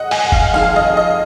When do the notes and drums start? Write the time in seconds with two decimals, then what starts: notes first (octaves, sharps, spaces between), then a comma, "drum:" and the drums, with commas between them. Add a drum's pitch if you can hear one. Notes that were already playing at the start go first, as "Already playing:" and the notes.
Already playing: D#5 F#5
0.11 G#5, drum: open hi-hat
0.32 F5, drum: kick
0.54 F2 D#3 G#3 F5
0.76 D#5
0.97 D#5